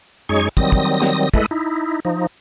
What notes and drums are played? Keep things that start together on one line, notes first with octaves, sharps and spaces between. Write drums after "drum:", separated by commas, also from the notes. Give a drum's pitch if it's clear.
F#2 G#3 D#4 G#4 C#5 C#6
D#3 F#3 G3 C4 D#6 A#6, drum: kick
drum: kick
drum: snare
G#3 A3 E4 A4 B4 D#5, drum: kick
D#4 E4
F3 D#4